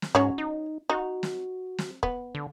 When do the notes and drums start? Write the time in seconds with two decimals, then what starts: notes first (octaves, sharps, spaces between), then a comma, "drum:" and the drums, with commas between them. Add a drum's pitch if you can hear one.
0.02 drum: snare
0.15 G#2 F#3 C#4 C#5
0.38 D#4
0.89 D#4 F#4
1.23 drum: snare
1.79 drum: snare
2.03 B3, drum: kick
2.35 D3